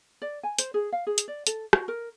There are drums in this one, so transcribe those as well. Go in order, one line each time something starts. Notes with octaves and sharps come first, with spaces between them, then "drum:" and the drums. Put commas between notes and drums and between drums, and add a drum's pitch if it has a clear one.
D5
G#5
C5, drum: hi-hat
G#4
F5
G#4
drum: hi-hat
D5
A4, drum: hi-hat
F#4, drum: rim click
A#4